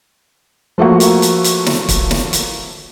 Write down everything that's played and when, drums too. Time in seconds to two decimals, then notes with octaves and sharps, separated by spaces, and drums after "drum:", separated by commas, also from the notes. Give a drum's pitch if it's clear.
0.78 F3 A3 A#3 F#4
1.00 drum: hi-hat
1.22 drum: hi-hat
1.44 drum: hi-hat
1.66 drum: snare
1.89 drum: kick, hi-hat
2.11 drum: snare
2.33 drum: hi-hat